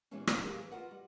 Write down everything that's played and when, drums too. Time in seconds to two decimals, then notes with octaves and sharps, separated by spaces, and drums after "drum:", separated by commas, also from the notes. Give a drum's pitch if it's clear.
0.11 A#2 E3 G3 G#3 B3 C#4
0.27 D2 G#2 G#3 D4 F5, drum: rim click
0.43 G4 G#4 A#4 F5
0.59 E3
0.72 F4 F#4 A#4 B4 D#5 F#5
0.91 G3